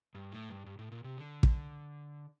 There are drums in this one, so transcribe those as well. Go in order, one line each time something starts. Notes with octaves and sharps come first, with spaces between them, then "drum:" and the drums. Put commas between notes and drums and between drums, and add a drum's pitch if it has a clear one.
G2
A2
G2
G2
A2
A#2
C3
D3
drum: kick